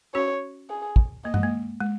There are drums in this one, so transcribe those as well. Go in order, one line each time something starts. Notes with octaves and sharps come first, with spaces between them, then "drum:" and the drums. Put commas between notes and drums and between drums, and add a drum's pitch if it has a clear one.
C#4 F#4 C#5
G#4
drum: kick
A#3 D#5
G#3, drum: tom G2
A#3
G#3